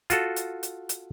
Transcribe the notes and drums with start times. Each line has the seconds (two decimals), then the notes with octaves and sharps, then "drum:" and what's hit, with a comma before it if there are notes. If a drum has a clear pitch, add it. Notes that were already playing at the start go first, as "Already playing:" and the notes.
0.10 F4 F#4 A4, drum: hi-hat
0.36 drum: hi-hat
0.63 drum: hi-hat
0.89 drum: hi-hat